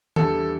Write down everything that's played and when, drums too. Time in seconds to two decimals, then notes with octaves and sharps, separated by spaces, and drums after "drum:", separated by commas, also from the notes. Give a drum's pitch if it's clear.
0.16 E2 D3 G3 E4 G4 A4, drum: tom